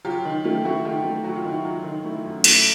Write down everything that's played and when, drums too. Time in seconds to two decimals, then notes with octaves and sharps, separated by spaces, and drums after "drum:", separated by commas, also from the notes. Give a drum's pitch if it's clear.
0.05 F#3 F4 G4
0.25 D#3
0.44 A3 F4 G4
0.64 A3 E4 F#4
0.85 D#3 F4 G4
1.05 A3
1.24 F#3 F#4
1.36 F4
1.45 D#3 E4 F#4
1.65 F#3 F4
1.84 D#3
2.04 A3 E4
2.25 F#2
2.44 A3 E4, drum: cymbal